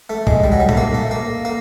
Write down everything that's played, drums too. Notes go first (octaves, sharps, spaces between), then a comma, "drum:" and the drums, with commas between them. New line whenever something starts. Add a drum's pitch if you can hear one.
A3
G#3, drum: kick
G3
F#3
G3
A3, drum: tom A#2
A#3
A3
A#3
A#3